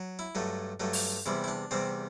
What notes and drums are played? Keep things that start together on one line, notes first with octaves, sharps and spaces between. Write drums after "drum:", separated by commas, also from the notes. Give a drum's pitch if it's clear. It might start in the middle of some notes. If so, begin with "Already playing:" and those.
Already playing: F#3
E4
G2 F#3 A3
G2 F#3 A3
drum: open hi-hat
E2 C3 G3 E4
E4
D4
E2 C3 G3 C4